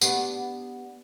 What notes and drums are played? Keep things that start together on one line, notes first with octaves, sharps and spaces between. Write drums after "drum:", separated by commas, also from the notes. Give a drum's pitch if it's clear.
B3 D4 G4 F#5, drum: tambourine